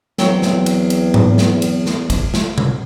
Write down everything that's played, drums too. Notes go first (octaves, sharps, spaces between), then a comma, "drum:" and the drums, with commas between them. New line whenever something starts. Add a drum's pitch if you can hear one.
E2 F#3 C4 G5, drum: snare
drum: snare
drum: cymbal
drum: cymbal
drum: tom G#2
drum: snare
drum: cymbal
drum: snare
drum: kick, cymbal
drum: snare
drum: tom B2